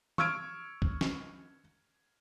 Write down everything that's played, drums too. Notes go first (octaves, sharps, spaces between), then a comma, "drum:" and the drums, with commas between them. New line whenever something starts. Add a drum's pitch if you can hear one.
C#6 E6 F6 G#6 D7, drum: tom E3
drum: kick
drum: snare